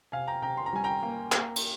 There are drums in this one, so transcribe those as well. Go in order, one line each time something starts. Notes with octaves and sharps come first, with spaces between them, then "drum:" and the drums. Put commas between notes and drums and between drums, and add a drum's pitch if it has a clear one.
C3 F5 G#5
G5 A#5
C3 G5 A#5
C6
A#5
G3 G#5
G5 A#5
A#3
A#3, drum: clap
drum: cymbal